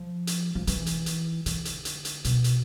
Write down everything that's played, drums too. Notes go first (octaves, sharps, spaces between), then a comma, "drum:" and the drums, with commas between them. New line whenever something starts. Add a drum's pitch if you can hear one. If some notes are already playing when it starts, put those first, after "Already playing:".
Already playing: F3
drum: hi-hat
F3
E3, drum: hi-hat
drum: hi-hat
drum: hi-hat
D3, drum: hi-hat
drum: hi-hat
drum: hi-hat
drum: hi-hat
B2, drum: hi-hat
drum: hi-hat